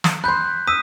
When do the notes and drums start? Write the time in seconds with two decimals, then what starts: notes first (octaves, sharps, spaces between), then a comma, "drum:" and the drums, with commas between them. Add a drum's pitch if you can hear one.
0.04 drum: snare
0.24 B5 C6 F#6 G6
0.67 D#6 E6 B6 D#7